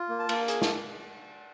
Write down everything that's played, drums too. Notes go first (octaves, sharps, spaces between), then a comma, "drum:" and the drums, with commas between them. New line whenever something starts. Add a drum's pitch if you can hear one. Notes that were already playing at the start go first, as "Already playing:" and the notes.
Already playing: F4
A#3
A5
A#3, drum: cymbal
G#4 G#5, drum: hi-hat
A5, drum: snare